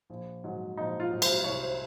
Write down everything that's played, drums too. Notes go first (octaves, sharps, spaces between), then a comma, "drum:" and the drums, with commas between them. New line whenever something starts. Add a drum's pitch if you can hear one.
A#1
G#2 F#3
A#1 D#4
F4
G#2 F#3
C5, drum: cymbal
C2 C#5
C5